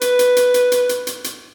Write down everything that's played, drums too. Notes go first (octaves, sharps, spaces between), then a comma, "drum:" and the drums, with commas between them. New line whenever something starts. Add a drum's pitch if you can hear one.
B4, drum: hi-hat
drum: hi-hat
drum: hi-hat
drum: hi-hat
drum: hi-hat
drum: hi-hat
drum: hi-hat
drum: hi-hat